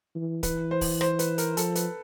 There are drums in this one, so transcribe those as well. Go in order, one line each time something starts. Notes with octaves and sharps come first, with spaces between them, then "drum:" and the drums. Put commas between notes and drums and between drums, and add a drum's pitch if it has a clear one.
E3
E3 B4, drum: kick C#1, hi-hat
C5
drum: kick C#1, open hi-hat
C5, drum: rim click
B4, drum: hi-hat
A#4, drum: hi-hat
F3 A4, drum: hi-hat
B4, drum: hi-hat